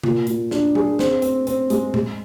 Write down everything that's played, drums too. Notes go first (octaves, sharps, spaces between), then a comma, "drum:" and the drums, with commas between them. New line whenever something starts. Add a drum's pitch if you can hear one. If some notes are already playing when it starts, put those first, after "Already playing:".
A#2, drum: tom C3
A#2, drum: hi-hat
D4, drum: snare
G#4, drum: tom F#3
C4, drum: snare
C4, drum: hi-hat
C4, drum: hi-hat
G#3, drum: hi-hat
G#3, drum: tom A2